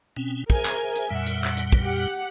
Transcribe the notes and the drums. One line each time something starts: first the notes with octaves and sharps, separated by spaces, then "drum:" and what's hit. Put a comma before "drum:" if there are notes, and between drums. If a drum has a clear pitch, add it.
B2 C4 C#4
G#4 A#4 C5 E5 G#5, drum: kick
drum: clap
drum: hi-hat
F2 A#2 G3 E5 F#5
drum: hi-hat
F#5, drum: clap
drum: hi-hat
drum: kick
G4 F#5